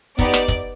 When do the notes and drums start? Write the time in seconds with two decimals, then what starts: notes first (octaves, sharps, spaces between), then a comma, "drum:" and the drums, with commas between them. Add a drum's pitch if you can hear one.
0.19 B3 D#4 G4 D5, drum: kick, hi-hat
0.34 drum: snare
0.48 drum: kick, hi-hat